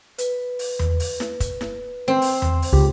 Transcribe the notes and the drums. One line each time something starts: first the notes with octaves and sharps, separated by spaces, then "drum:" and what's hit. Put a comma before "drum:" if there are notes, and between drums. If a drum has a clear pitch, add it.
B4, drum: hi-hat
drum: open hi-hat
drum: tom E2
drum: open hi-hat
drum: snare E4
drum: kick, hi-hat
drum: snare E4
C4 C5
drum: open hi-hat
drum: tom E2
drum: open hi-hat
C#2 G4